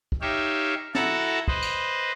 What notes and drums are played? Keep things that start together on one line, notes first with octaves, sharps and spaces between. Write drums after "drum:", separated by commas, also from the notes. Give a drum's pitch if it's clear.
drum: kick
D#4 G4 C#5 E5 F5
E4 F#4 A4 F#5 A5 A#5, drum: snare
B4 C5 D#5, drum: kick
drum: cymbal